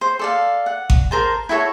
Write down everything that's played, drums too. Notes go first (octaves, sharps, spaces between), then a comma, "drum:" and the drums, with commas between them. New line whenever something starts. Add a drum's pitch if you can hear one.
C5
A4 D5 F5
F#5
drum: kick G#1
A#4 C5 A5
E4 F#4 A4 C#5